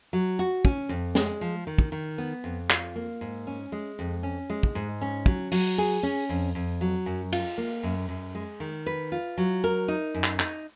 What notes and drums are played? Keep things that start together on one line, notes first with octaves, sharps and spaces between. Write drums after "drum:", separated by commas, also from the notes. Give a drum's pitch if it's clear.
F#3
F#4
C#4, drum: kick
F2
G#3, drum: snare
F3
D#3
drum: kick
D#3
B3
F2
F4, drum: clap
A#3
G#2
C#4
G#3
F2
C#4
G#3
drum: kick
G#2
C#4
F#3, drum: kick
F#3, drum: open hi-hat
G#4
C#4
F2
F2
F#3
F#2
F4, drum: cymbal
A#3
F#2
F#2
G#3
D#3
B4
F4
F#3
A#4
D#4
F#2
drum: clap
D#4, drum: clap